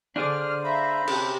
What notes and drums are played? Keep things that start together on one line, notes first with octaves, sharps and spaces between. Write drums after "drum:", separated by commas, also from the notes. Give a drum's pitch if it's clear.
D3 D4 G#4 C5 D5 F6
C5 E5 F5 A#5 B5
C3 C#4, drum: cymbal